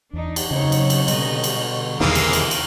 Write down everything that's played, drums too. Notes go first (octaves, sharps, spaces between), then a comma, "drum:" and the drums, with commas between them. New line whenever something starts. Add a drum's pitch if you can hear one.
E2 D4 D#4
drum: cymbal
F#2 C#3 C4 D#4 C#5
drum: cymbal
drum: cymbal
B2 D3 G3 D#5, drum: cymbal
drum: cymbal
D3
E2 C3 D#3 E3 G#3 A#3, drum: snare
drum: cymbal
drum: cymbal
drum: cymbal